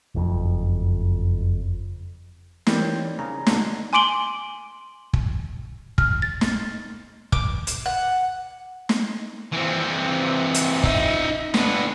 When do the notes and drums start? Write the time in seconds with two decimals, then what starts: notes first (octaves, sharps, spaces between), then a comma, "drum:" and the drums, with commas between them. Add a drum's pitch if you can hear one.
0.15 F#1 F2
2.67 E3 G3 C4 E4 A#4, drum: snare
2.82 D#4 E4 C#5
3.19 C#3 A#5
3.47 B1 D3, drum: snare
3.93 G#5 C6 D6 D7 F#7 G7
5.13 drum: kick
5.98 F6, drum: kick
6.22 A6
6.41 drum: snare
7.32 D6, drum: kick
7.67 drum: hi-hat
7.86 F#5
8.89 drum: snare
9.53 E3 C4
10.54 drum: hi-hat
10.83 D#4 E5, drum: kick
11.54 D3 B3, drum: snare